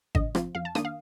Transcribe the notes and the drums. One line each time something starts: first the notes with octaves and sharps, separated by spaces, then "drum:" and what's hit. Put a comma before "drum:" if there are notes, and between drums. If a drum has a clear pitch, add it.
D3 D#5, drum: kick G#1
F3 C4 F4, drum: rim click
F2 F5
A5
D#3 A#3 D4 D#6, drum: rim click
F5